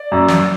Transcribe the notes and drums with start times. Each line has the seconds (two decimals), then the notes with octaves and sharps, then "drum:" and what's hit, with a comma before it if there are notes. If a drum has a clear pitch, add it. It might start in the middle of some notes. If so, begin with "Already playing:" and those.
Already playing: D5
0.12 F#2
0.28 drum: snare